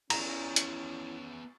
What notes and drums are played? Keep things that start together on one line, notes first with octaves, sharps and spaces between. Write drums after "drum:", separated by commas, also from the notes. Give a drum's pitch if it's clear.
B3 C#4 E4 G#4 A#5, drum: cymbal
drum: hi-hat